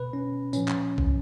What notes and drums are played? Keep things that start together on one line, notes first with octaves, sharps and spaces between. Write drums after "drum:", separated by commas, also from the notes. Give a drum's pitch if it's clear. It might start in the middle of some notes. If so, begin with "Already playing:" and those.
Already playing: B2 B4
C#4
A#2 F3 C#4, drum: tambourine
drum: clap
drum: kick